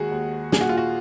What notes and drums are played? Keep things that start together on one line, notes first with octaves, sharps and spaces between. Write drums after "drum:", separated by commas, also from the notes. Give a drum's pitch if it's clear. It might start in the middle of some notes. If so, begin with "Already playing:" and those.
Already playing: D#2 D#3 G#3 F#4 G#4 F#5
D#2
A#2 G#4, drum: snare
F#4
F4
F#4